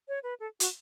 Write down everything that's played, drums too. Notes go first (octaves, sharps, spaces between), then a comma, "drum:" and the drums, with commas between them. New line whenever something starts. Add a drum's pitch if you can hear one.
C#5
B4
A4
F#4, drum: hi-hat